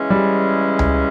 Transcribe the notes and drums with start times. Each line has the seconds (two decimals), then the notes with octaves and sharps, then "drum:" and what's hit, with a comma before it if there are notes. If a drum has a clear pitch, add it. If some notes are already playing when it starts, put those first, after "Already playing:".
Already playing: C#3 E3 G#3 C#4
0.10 G3
0.79 drum: tom C#2